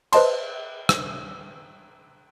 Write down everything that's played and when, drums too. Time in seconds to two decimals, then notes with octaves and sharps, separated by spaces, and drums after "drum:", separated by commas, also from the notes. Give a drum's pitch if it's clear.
0.12 B4 C5 D#5 A5 C6, drum: cymbal
0.89 drum: rim click